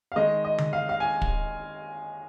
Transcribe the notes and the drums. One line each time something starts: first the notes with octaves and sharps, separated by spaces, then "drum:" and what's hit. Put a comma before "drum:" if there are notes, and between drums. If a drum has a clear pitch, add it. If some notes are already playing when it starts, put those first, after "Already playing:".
F5
D#3 G#3 D#5
D#5
drum: tom D3
F5
F5
G#5
drum: kick